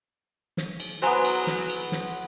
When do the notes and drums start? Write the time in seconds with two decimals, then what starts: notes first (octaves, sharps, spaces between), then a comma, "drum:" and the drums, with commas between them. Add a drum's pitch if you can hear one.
0.57 drum: snare
0.80 drum: cymbal
1.02 F#3 B3 C5 G#5 A#5 C6
1.25 drum: cymbal
1.47 drum: snare
1.69 drum: cymbal
1.92 drum: snare